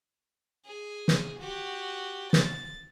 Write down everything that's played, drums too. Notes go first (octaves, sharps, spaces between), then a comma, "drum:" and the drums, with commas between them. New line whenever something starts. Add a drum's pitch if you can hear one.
G#4
drum: snare
F#4 G4
A6, drum: snare